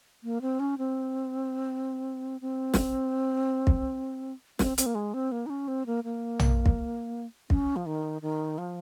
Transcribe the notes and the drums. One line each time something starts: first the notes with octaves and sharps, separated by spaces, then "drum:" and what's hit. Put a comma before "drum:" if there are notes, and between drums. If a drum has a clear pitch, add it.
A#3
C4
C#4
C4
C4
drum: snare
drum: kick
C4, drum: snare
C4, drum: hi-hat
A#3
G#3
C4
A#3
D#4
C#4
C4
A#3
A#3
drum: tom
drum: kick
C#4, drum: kick
F3
D#3
D#3
F3